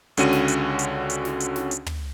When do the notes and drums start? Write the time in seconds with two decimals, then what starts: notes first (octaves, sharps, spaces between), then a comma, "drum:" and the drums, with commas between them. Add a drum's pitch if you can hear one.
0.17 C#2 D3 C#4 F#4 D#7, drum: hi-hat
0.33 drum: snare
0.48 drum: hi-hat
0.79 drum: hi-hat
1.10 drum: hi-hat
1.25 drum: snare
1.40 drum: hi-hat
1.56 drum: snare
1.71 drum: hi-hat
1.86 drum: tom